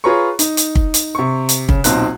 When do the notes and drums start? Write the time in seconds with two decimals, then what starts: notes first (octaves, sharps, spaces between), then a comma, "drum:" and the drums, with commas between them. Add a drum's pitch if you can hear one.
0.04 F4 G#4 B4 C#5 A#5 C#6
0.39 D#4, drum: hi-hat
0.57 drum: hi-hat
0.75 drum: kick
0.94 drum: hi-hat
1.15 C3 C#6
1.49 drum: hi-hat
1.69 C#3, drum: kick
1.84 D#1 B1 C4 D#4 F#6, drum: hi-hat